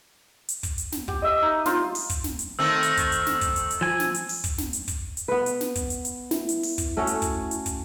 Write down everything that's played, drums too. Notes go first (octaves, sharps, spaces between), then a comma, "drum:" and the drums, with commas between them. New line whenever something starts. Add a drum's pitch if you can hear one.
drum: hi-hat
drum: kick, hi-hat
drum: hi-hat
drum: snare
G4, drum: kick
D#5 E5 D#6
D#4
D#4 F4 C5, drum: snare
drum: open hi-hat
drum: kick, hi-hat
drum: snare
drum: hi-hat
D#3 A3 C4 E6
drum: hi-hat
drum: kick, hi-hat
drum: hi-hat
drum: snare
drum: kick, hi-hat
drum: hi-hat
drum: hi-hat
F3 G#5
drum: snare
drum: hi-hat
drum: open hi-hat
drum: kick, hi-hat
drum: snare
drum: hi-hat
drum: kick, hi-hat
drum: hi-hat
B3 B4
drum: hi-hat
drum: snare
drum: kick, hi-hat
drum: hi-hat
drum: hi-hat
E4, drum: snare
drum: hi-hat
drum: open hi-hat
drum: kick, hi-hat
A3 C#4 F#4
drum: hi-hat
drum: kick, hi-hat
drum: hi-hat
drum: kick, hi-hat